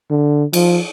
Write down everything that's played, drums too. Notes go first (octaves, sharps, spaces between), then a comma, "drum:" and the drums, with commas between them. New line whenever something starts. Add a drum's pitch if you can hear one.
D3
F3, drum: cymbal